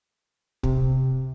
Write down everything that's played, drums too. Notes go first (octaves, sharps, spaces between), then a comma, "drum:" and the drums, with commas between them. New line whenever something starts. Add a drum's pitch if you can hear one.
C3, drum: kick